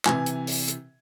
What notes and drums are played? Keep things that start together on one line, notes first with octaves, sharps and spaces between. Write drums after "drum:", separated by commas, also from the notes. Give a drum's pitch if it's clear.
C3 E3 G#5, drum: clap
drum: hi-hat
drum: open hi-hat
drum: hi-hat